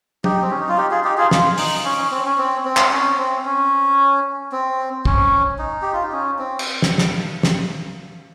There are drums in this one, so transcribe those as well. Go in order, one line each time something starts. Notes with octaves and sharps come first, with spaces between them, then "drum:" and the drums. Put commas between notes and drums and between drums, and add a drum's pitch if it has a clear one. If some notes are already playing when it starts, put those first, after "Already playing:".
D#4 G4, drum: tom
C4
C#4
D#4
F4
D#4 G4
F4 G#4
D#4 G4
F4 G#4
F4, drum: snare
D#4, drum: open hi-hat
C#4
C#4
C4
C#4
C4
C4
drum: clap
C#4
C4
C#4
C4
C#4, drum: kick
D#4
G4
F4
D#4
C#4
C4
drum: cymbal
drum: snare
drum: snare
drum: snare